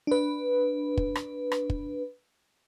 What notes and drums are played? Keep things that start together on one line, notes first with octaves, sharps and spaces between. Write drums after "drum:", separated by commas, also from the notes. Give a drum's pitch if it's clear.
D4 B4
drum: kick
drum: rim click
drum: rim click
drum: kick